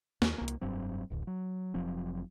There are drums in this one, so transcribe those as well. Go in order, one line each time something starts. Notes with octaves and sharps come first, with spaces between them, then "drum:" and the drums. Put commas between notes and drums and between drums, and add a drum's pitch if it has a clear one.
D#2, drum: snare
C2 A#3
drum: hi-hat
F1 G2 F#3 C4
D1 A1 D2
F#3
F1 F3 F#3 C4